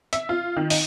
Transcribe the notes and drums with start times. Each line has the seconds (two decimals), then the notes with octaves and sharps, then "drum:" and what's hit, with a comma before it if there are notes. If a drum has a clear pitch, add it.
0.13 E5, drum: hi-hat
0.29 F4
0.57 D#3
0.70 D#4, drum: open hi-hat